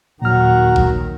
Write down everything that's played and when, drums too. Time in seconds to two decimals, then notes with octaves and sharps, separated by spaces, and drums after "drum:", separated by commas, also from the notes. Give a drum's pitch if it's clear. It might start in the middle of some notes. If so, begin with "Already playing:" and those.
0.22 D#2 A#2 D#3 F#3 F#5 A#5 F6
0.76 drum: kick G#1